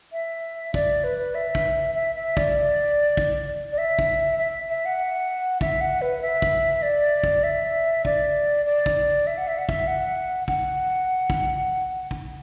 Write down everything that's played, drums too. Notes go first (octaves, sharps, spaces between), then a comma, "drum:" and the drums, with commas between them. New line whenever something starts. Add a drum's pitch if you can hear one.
E5
D5, drum: kick
B4
E5
drum: kick
E5
E5
D5, drum: kick
drum: kick
D5
E5
drum: kick
E5
E5
F#5
E5, drum: kick
F#5
B4
E5
drum: kick
D5
drum: kick
E5
D5, drum: kick
D5
drum: kick
E5
F#5
E5
F#5
E5, drum: kick
F#5
F#5, drum: kick
drum: kick
drum: kick